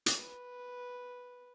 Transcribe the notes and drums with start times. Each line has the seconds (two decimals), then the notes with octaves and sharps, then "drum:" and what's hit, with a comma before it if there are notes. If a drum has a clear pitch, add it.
0.06 drum: hi-hat
0.18 B4